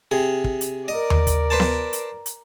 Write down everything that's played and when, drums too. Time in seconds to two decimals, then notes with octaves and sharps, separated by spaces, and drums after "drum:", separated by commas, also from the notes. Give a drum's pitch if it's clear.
0.11 C3 G#4
0.44 drum: kick
0.61 drum: hi-hat
0.88 A#4 D5 D#5
1.10 drum: tom D#2
1.27 drum: kick, hi-hat
1.50 B4 C5 A5
1.60 drum: snare B3
1.93 drum: hi-hat
2.26 drum: hi-hat